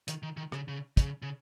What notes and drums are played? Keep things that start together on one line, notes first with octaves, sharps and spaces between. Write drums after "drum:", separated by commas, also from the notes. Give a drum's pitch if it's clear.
D#3, drum: hi-hat
D#3
D#3
C#3, drum: rim click
C#3
C#3, drum: kick, hi-hat
C#3